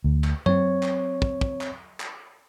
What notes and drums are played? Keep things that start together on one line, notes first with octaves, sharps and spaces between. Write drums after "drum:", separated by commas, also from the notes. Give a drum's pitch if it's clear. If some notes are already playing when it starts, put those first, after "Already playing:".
D2
drum: clap
F#3 C4 C#5, drum: tom F#2
drum: clap
drum: kick
drum: kick
drum: clap
drum: clap